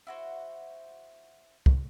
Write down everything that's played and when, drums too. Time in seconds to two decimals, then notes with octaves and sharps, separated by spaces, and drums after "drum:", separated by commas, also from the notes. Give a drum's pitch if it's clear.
0.07 E4 F#4 C5
1.66 drum: kick